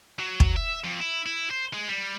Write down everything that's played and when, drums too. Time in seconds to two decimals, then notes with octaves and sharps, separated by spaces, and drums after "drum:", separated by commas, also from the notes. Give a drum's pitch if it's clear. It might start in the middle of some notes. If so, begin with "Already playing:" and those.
0.19 F#3
0.40 drum: kick
0.56 E5
0.84 F2
1.00 E4
1.26 E4
1.50 C5
1.73 G#3
1.88 G3